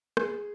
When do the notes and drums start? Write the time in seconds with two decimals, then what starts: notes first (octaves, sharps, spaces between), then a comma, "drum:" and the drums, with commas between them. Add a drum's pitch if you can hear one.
0.17 G#4, drum: rim click